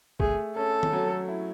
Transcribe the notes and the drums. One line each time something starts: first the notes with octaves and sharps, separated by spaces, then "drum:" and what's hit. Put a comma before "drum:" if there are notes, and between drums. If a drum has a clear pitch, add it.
A3 G#4, drum: kick
C#4 A4
drum: tom
F#3
E4